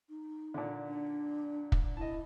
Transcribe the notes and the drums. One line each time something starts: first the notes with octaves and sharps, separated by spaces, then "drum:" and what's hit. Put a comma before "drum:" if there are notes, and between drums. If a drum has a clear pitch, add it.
D#4
A#2 D3
D4
drum: kick
E4 D#5 A5